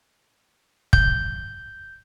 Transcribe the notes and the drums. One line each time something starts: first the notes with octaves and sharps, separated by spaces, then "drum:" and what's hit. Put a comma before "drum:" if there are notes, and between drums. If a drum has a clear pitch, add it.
G6, drum: kick